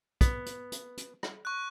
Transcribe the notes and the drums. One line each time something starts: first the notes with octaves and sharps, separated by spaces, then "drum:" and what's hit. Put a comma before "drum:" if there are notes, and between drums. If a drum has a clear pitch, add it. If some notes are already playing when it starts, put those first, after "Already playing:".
B3, drum: kick, hi-hat
drum: hi-hat
drum: hi-hat
drum: hi-hat
drum: rim click
C#6 F#6